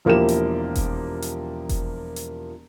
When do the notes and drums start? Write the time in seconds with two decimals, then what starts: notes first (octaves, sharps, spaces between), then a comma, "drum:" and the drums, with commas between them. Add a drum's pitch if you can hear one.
0.05 E1 F3 A#3 E4 G4 E7
0.29 drum: hi-hat
0.75 drum: kick F1, hi-hat
1.22 drum: hi-hat
1.69 drum: kick F1, hi-hat
2.16 drum: hi-hat